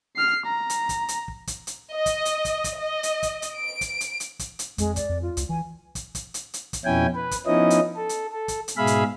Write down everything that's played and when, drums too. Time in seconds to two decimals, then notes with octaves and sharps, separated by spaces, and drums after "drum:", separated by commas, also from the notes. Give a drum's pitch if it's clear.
0.16 F6 C7
0.46 A#5
0.70 drum: hi-hat
0.89 drum: kick, hi-hat
1.09 drum: hi-hat
1.28 drum: kick
1.47 drum: kick, hi-hat
1.67 drum: hi-hat
1.94 D#5
2.06 drum: kick, hi-hat
2.25 drum: hi-hat
2.45 drum: kick, hi-hat
2.64 drum: kick, hi-hat
2.77 D#5
3.03 drum: hi-hat
3.23 drum: kick, hi-hat
3.42 drum: hi-hat
3.56 D7
3.81 drum: kick, hi-hat
4.00 drum: hi-hat
4.20 drum: hi-hat
4.39 drum: kick, hi-hat
4.59 drum: hi-hat
4.78 F2 G#3, drum: kick, hi-hat
4.96 D5, drum: kick, hi-hat
5.09 F2
5.22 F4
5.37 C#2, drum: hi-hat
5.49 E3 G#5
5.95 drum: kick, hi-hat
6.15 drum: kick, hi-hat
6.34 drum: hi-hat
6.54 drum: hi-hat
6.73 drum: kick, hi-hat
6.85 F2 B2 C#4 E4 G5 G#5
7.15 B4
7.31 drum: kick, hi-hat
7.46 F3 B3 C#4 D#4 E4 D#5
7.70 drum: hi-hat
7.96 A4
8.09 drum: hi-hat
8.32 A4
8.48 drum: kick, hi-hat
8.68 drum: hi-hat
8.77 G#2 B2 G#4 E5 F5 B5
8.87 drum: hi-hat